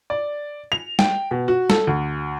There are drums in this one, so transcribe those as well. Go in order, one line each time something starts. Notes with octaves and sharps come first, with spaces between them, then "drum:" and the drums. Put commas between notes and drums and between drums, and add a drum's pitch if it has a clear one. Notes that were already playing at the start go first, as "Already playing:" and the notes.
D5
F7
G5, drum: snare
B2
F#4
A4, drum: snare
D2